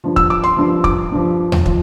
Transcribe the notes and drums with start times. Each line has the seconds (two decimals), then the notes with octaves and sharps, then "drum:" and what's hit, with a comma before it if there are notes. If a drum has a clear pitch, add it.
0.04 G2 F3
0.16 E6, drum: kick
0.30 D6
0.44 C6
0.57 G2 F3
0.84 D6, drum: kick
1.12 G2 F3
1.52 drum: tom D#2
1.66 F3, drum: kick